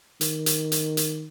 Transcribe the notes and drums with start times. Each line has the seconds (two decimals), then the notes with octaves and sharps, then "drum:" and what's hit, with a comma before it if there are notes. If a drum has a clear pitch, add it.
0.21 D#3, drum: hi-hat
0.46 drum: hi-hat
0.72 drum: hi-hat
0.97 drum: hi-hat